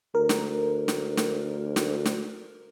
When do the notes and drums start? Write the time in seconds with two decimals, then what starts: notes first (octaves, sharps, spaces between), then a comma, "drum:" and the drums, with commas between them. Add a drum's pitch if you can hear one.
0.15 D2 A#4
0.29 drum: snare
0.88 drum: snare
1.17 drum: snare
1.76 drum: snare
2.05 drum: snare